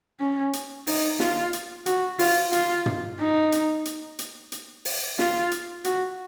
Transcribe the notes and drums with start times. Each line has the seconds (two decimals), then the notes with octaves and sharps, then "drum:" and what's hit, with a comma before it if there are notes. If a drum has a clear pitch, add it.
0.20 C#4
0.53 drum: hi-hat
0.87 D#4, drum: open hi-hat
1.20 F4, drum: snare
1.53 drum: hi-hat
1.86 F#4, drum: hi-hat
2.19 F4, drum: open hi-hat
2.53 F4, drum: hi-hat
2.86 drum: tom
3.19 D#4
3.52 drum: hi-hat
3.85 drum: hi-hat
4.19 drum: hi-hat
4.52 drum: hi-hat
4.85 drum: open hi-hat
5.19 F4, drum: snare
5.51 drum: hi-hat
5.84 F#4, drum: hi-hat